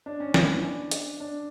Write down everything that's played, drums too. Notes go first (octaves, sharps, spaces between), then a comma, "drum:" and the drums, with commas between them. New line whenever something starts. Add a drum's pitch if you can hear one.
D4
C#4
B3, drum: snare
E3
D4
drum: hi-hat
D4